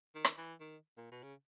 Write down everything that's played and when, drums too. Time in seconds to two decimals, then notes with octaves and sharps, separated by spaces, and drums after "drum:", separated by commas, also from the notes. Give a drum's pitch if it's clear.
0.15 D#3
0.25 drum: rim click
0.38 E3
0.60 D#3
0.97 A#2
1.12 B2
1.23 C#3